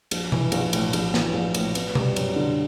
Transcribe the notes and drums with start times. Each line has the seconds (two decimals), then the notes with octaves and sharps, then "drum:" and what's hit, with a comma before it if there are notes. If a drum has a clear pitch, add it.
0.11 A#1, drum: cymbal
0.32 E3, drum: tom B2
0.52 A#1, drum: cymbal
0.73 A2, drum: cymbal
0.93 A#1, drum: cymbal
1.14 E3, drum: snare
1.33 A#1
1.54 A2, drum: cymbal
1.75 B3, drum: cymbal
1.95 G3, drum: tom B2
2.16 F#2, drum: cymbal
2.36 D3